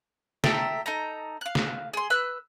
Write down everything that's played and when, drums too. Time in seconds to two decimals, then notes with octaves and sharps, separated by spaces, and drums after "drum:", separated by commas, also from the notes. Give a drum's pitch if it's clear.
0.44 A4 E5 G5 A#5, drum: snare
0.86 D#4 A4 A#5
1.41 F5 F#6
1.55 drum: snare
1.93 G#4 C6
2.10 B4 E6 F#6